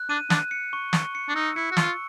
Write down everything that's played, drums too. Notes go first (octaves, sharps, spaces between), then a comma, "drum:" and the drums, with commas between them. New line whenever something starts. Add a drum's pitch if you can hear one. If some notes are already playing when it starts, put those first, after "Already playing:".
Already playing: F#6
D4 D#7
D4 F#6, drum: snare
C#7
C#6
C#6, drum: snare
C#7
D4
D#4 E6
E4 C#7
F#4
F4 C#6, drum: snare